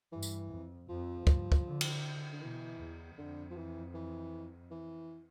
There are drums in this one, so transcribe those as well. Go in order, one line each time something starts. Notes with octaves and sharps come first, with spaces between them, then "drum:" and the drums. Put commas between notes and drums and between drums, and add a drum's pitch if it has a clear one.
G2 E3
drum: tambourine
F2
F2 F3
G2, drum: kick
drum: kick
D3
drum: cymbal
D3
B2 E3
E2
F2 D3
F3
E3
E3
E3